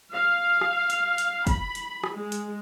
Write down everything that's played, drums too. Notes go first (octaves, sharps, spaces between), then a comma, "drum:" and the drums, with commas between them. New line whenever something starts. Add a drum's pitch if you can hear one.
F5
drum: rim click
drum: hi-hat
drum: hi-hat
B5, drum: kick, hi-hat
drum: hi-hat
drum: rim click
G#3
drum: hi-hat